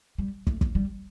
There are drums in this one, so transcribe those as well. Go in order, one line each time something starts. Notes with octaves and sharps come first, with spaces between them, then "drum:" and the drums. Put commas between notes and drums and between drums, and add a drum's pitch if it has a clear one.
G3
A3, drum: kick
drum: kick
G3